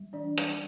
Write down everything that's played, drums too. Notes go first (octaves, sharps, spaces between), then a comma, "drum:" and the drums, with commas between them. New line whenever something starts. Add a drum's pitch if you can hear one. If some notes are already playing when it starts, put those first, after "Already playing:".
Already playing: G3
E3 D4 D5
G3, drum: hi-hat